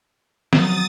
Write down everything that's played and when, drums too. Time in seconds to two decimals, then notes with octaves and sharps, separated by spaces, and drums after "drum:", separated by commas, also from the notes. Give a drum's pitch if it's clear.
0.53 F3 F#3 D#6 A6, drum: snare